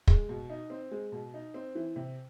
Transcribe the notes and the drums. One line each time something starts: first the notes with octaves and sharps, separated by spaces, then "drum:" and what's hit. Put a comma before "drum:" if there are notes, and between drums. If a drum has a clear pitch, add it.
G#3, drum: kick
B2
D#4
C4
G#3
B2
D#4
C4
E3
C3